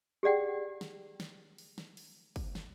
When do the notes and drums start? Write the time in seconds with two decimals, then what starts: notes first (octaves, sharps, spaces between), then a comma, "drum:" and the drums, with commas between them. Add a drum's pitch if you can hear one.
0.23 G4 G#4 D5 F#5 G5
0.81 drum: snare
1.20 drum: snare
1.58 drum: open hi-hat
1.78 drum: snare
1.97 drum: open hi-hat
2.36 drum: kick, open hi-hat
2.55 drum: snare